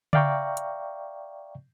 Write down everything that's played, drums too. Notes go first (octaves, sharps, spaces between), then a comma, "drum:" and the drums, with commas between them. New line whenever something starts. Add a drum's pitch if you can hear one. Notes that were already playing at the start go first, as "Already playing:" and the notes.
D5 E5 F5 G5 A#5 C#6, drum: tom C#3
drum: hi-hat